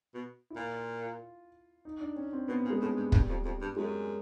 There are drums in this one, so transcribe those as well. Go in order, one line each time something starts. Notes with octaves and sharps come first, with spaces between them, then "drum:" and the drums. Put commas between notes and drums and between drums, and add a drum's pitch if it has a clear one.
B2
E4
A#2 F4
D#4
D4
C#4
C4
B2 B3
A#2
G#3
A2
G2 G3
G2 G3, drum: kick
F2
F2
G2
F#2 G#3